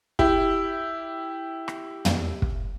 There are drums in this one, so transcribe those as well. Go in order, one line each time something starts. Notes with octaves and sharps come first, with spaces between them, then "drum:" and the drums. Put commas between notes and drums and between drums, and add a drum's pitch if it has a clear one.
E4 G4, drum: kick
drum: rim click
drum: tom
drum: kick